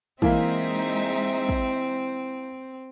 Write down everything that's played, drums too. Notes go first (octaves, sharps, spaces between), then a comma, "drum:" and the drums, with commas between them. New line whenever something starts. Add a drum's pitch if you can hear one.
E3 G#3 A#3 C4 D#4 E5, drum: kick
drum: kick